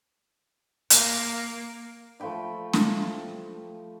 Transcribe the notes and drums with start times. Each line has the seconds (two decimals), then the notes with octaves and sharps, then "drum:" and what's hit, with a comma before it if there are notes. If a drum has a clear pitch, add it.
0.90 A#3, drum: hi-hat
2.20 F3 A3 G5 B5
2.73 drum: snare